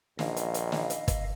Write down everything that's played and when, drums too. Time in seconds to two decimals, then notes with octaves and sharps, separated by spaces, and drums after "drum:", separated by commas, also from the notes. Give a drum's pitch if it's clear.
0.19 A#1 D#5 F5, drum: snare
0.37 drum: hi-hat
0.54 drum: hi-hat
0.72 drum: snare
0.90 drum: hi-hat
1.08 drum: kick, hi-hat